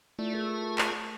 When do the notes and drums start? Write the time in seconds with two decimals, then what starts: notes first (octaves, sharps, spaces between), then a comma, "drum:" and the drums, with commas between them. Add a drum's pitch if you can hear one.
0.19 A3 E4 F4 D5
0.35 F4 G#4 A#4
0.78 drum: clap